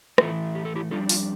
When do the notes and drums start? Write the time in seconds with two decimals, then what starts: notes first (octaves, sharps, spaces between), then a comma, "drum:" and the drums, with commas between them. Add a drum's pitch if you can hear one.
0.18 A2 E3 A3 C4 E4 F4 A4, drum: rim click
0.55 G4
0.65 A4
0.75 E4 G4
0.91 F2 C3 G3 D4 F4 A4
1.09 F4, drum: open hi-hat